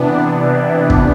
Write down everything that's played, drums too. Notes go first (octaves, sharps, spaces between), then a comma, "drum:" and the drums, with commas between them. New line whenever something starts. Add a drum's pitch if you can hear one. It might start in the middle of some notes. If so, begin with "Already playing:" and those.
Already playing: C3 E3 B3 D4
D4
C3
E3
drum: kick